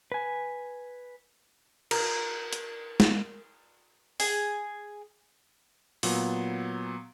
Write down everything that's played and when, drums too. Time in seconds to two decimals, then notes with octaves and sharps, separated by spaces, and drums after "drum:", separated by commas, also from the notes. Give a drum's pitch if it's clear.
0.12 B4 G#5
1.91 A#4, drum: cymbal
2.53 drum: hi-hat
3.00 drum: snare
4.20 G#4, drum: open hi-hat
6.03 A#2 F#3 B3, drum: open hi-hat